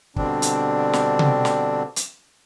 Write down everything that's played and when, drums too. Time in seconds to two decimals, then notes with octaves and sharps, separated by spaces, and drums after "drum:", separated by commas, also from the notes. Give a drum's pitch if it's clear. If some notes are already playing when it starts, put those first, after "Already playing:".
0.16 B2 D3 G3 C4 D4, drum: kick
0.42 drum: hi-hat
0.93 drum: snare
1.19 drum: tom C3
1.45 drum: snare
1.96 drum: hi-hat